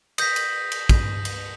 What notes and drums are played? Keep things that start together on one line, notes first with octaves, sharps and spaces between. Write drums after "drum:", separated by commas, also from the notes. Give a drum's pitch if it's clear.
D#6 G6 A#6 B6, drum: cymbal
drum: cymbal
drum: cymbal
drum: kick, cymbal
drum: cymbal